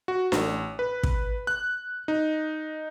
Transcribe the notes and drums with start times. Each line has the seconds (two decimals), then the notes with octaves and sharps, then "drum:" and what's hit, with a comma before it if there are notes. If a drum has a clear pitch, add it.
0.08 F#4
0.32 A1, drum: snare D4
0.79 B4
1.03 drum: kick
1.47 F#6
2.08 D#4